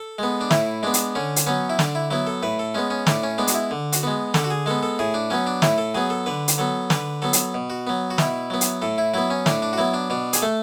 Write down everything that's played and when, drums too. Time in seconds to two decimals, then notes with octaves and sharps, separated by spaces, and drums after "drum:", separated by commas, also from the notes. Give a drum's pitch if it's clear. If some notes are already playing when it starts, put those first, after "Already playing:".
Already playing: A4
0.18 G#3 B3
0.41 D4
0.51 A2 E4, drum: snare
0.83 G#3 B3 D4
0.94 drum: hi-hat
1.15 D3 C#4
1.36 drum: hi-hat
1.47 F#3 B3 C#4
1.70 E4
1.79 D3 D4, drum: snare
1.95 E4
2.10 F#3 B3 E4
2.27 A4
2.43 A2 B4
2.59 A4
2.74 G#3 B3 C#4
2.90 C#4
3.07 A2 D4, drum: snare
3.23 C#4
3.38 G#3 B3 D4
3.47 F#4, drum: hi-hat
3.54 E4
3.71 D3
3.93 F#4, drum: hi-hat
4.03 G#3 B3
4.34 D3 A4, drum: snare
4.44 F#4
4.50 G#4
4.66 G#3 B3 A4
4.83 A4
4.99 A2 G#4
5.14 D4
5.30 F#3 B3 C#4
5.47 D4
5.62 A2 E4, drum: snare
5.78 A4
5.94 F#3 B3 G#4
6.10 A4
6.26 D3 B4
6.48 drum: hi-hat
6.58 F#3 B3 A4
6.90 D3 B4, drum: snare
7.22 F#3 B3 A4
7.33 drum: hi-hat
7.54 B2
7.70 F#4
7.87 F#3 B3
8.10 F#4
8.18 B2 E4, drum: snare
8.50 F#3 B3
8.61 drum: hi-hat
8.82 A2 A4
8.98 E4
9.14 F#3 B3 E4
9.30 C#4
9.46 A2 D4, drum: snare
9.62 D4
9.73 F#4
9.78 F#3 B3 E4
9.94 D4
10.10 B2 D4
10.33 G#4, drum: hi-hat
10.42 A3 A4